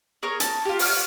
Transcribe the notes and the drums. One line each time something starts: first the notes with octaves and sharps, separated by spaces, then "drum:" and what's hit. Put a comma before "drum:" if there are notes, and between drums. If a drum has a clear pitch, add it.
G#4 A#4 C#5 C#6
A5, drum: hi-hat
F4 G4
F#5 C#6 D#6 F6, drum: open hi-hat